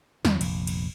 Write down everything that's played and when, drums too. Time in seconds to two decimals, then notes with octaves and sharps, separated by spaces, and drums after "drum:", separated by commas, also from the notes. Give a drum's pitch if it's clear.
0.25 E2 D#3 C4, drum: snare
0.41 F1 A#1, drum: cymbal
0.67 drum: cymbal